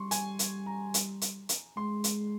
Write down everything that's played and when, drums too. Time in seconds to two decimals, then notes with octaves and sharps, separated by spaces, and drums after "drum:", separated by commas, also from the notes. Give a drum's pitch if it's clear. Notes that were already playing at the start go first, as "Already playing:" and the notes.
Already playing: G3 C6 C#6
0.11 G#5, drum: hi-hat
0.39 drum: hi-hat
0.66 A#5
0.94 drum: hi-hat
1.21 drum: hi-hat
1.49 drum: hi-hat
1.76 G#3 C6
2.04 drum: hi-hat